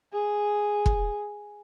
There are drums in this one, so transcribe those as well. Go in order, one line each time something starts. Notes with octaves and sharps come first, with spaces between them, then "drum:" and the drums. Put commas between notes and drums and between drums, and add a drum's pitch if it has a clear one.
G#4
drum: kick